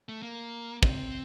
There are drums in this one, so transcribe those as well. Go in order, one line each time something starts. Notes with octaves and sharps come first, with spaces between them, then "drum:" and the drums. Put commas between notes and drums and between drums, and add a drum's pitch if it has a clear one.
A3
A#3
C4, drum: kick